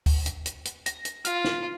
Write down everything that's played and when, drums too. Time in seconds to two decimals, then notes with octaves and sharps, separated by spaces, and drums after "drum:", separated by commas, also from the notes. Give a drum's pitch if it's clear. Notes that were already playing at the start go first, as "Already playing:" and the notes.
0.06 drum: kick, open hi-hat
0.26 drum: hi-hat
0.46 drum: hi-hat
0.65 drum: hi-hat
0.86 A#6, drum: hi-hat
1.05 drum: hi-hat
1.25 F4 F6, drum: hi-hat
1.45 drum: snare